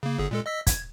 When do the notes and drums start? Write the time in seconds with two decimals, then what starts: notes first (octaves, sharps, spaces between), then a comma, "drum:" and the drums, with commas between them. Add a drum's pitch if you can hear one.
0.03 C#3 A#3
0.19 G1 D3 G#4
0.31 A#2 G#3 A4
0.46 D#5 E6 B6
0.67 G#6, drum: kick, hi-hat